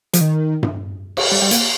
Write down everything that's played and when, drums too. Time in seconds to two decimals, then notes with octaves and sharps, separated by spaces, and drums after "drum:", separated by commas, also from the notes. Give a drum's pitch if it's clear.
0.13 F3, drum: hi-hat
0.21 D#3
0.63 drum: tom G2
1.17 drum: cymbal
1.32 G3
1.42 G3
1.51 A#3, drum: hi-hat